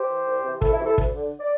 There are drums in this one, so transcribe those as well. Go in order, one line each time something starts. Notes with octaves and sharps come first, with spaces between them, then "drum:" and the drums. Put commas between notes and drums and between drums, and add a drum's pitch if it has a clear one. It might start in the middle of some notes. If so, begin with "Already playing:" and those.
Already playing: G4 C5
E3
C2
C3 E3
C2 E4 A4, drum: kick
E4
C3 E3
E4 A4
D2, drum: kick
D3
D5